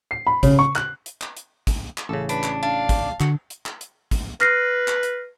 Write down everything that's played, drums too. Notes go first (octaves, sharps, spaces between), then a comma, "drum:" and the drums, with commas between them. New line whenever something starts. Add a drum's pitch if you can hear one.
C7
B5
C#3, drum: kick, hi-hat
C#6
F#6, drum: clap
drum: hi-hat
drum: clap
drum: hi-hat
drum: kick, hi-hat
drum: clap
A1 C#3 A4
D4 B4, drum: hi-hat
drum: clap
D4 F5
drum: kick, hi-hat
D3 F#4, drum: clap
drum: hi-hat
drum: clap
drum: hi-hat
drum: kick, hi-hat
B4 F6 A#6 C7, drum: clap
drum: clap
drum: hi-hat